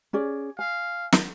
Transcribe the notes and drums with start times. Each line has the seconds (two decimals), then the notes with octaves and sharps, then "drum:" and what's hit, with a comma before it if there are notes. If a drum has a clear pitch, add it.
0.13 C#4 G#4 D5
0.59 F5 G#5
1.12 drum: snare